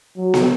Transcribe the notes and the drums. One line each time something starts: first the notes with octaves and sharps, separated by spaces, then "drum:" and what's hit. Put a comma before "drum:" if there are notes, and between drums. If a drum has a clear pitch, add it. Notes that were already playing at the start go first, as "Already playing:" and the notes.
F#3
drum: snare B3